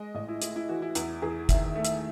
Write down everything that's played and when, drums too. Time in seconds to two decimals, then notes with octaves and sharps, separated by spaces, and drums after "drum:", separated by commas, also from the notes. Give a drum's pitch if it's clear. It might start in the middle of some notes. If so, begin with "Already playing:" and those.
Already playing: G#3 D#5
0.15 A1 D#5
0.28 E4
0.42 A2 E4, drum: hi-hat
0.56 E4
0.69 E3 F#4
0.82 E4
0.95 E2 E4, drum: hi-hat
1.22 E2 G#4
1.49 D#3 E5, drum: kick, hi-hat
1.76 A3
1.85 E5, drum: hi-hat